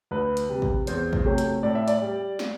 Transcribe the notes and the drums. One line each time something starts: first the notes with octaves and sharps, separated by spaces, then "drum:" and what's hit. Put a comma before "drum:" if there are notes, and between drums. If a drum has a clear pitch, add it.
D2 B4
drum: hi-hat
C3 G3
drum: kick
E2 C5, drum: hi-hat
drum: kick
C3 F#3 A3
drum: hi-hat
A2 D5
E5
D5, drum: hi-hat
G3
drum: snare